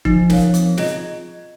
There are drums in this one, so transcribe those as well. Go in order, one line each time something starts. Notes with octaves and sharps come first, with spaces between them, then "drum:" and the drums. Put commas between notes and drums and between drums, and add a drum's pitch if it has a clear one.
F3 D#4, drum: kick
A#4 C#5 F5, drum: snare
C4, drum: hi-hat
F4 G#4 D#5, drum: snare